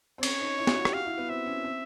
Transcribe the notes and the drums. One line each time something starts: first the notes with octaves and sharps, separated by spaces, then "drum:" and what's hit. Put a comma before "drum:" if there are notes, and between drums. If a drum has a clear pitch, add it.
C4
C#4 C#5, drum: cymbal
D#4
E4
F4, drum: snare
F#4
G4, drum: rim click
F#4 F5
E4
B3
C4 E5
C#4
C4